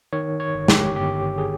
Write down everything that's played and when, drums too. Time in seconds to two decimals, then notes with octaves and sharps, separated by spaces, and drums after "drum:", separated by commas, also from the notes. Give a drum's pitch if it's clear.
0.13 D#3 C#5
0.40 C#5
0.55 G1
0.68 G4, drum: snare
0.95 G1 G4
1.38 G#4